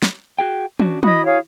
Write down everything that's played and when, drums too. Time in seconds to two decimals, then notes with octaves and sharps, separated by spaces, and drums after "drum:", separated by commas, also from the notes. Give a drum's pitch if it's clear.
0.03 drum: snare
0.39 F#4 G#4 G5
0.80 C#4 D4 F#4, drum: tom
1.03 E4 F#4 D#5 B5 D#6, drum: tom
1.25 G#4 C#5 F5